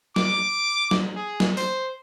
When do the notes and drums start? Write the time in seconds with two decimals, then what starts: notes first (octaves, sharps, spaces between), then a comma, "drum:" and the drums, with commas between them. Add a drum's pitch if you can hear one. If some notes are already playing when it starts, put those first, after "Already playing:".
0.16 D6, drum: snare
0.91 drum: snare
1.15 G#4
1.40 drum: snare
1.57 C5, drum: open hi-hat